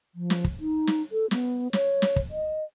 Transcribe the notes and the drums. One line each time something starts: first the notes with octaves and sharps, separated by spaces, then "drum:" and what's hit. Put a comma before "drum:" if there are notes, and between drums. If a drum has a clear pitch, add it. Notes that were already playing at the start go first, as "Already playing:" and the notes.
F3
drum: snare
drum: kick
D#4
drum: snare
A4
B3, drum: snare
C#5, drum: snare
drum: snare
drum: kick
D#5